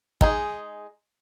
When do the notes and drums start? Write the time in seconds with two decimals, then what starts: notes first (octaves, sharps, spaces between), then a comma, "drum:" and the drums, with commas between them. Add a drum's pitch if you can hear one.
0.21 G#3 D#4 G#4, drum: kick